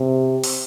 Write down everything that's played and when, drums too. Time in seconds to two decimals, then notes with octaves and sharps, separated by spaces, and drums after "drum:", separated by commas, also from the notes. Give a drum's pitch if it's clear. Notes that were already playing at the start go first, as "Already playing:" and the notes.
Already playing: C3
0.44 drum: open hi-hat